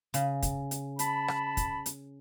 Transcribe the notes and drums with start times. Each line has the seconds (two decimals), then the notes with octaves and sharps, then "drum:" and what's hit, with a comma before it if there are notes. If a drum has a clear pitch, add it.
0.14 C#3, drum: hi-hat
0.42 drum: kick, hi-hat
0.71 drum: hi-hat
0.99 A5 B5, drum: hi-hat
1.28 drum: rim click
1.57 drum: kick, hi-hat
1.86 drum: hi-hat